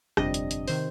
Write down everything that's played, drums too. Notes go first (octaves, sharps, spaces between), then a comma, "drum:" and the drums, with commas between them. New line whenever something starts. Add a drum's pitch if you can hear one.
G1 F2 C3 G3 D4 D#5, drum: rim click
drum: hi-hat
drum: hi-hat
C3 D#3 C5, drum: open hi-hat